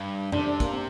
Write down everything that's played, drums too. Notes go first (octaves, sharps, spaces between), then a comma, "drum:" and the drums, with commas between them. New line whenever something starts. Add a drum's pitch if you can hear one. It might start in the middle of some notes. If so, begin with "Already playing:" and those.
Already playing: G2
C3 D4, drum: tom F2
D4
A#3, drum: kick, hi-hat
C4